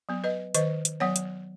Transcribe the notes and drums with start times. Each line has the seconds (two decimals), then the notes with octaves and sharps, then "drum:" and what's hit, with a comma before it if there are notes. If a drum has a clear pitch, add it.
0.09 F#3 B3
0.24 B4 D#5
0.54 D#3 B4 D#5, drum: hi-hat
0.85 drum: hi-hat
1.00 F#3 B3 C#5 F#5
1.16 drum: hi-hat